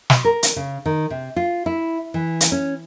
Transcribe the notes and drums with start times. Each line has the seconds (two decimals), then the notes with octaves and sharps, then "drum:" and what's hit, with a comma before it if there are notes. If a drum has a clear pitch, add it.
0.10 drum: snare
0.25 A#4
0.43 drum: hi-hat
0.56 C#3
0.86 D#3
1.10 C3
1.36 F4
1.66 E4
2.14 E3
2.41 drum: hi-hat
2.52 C#4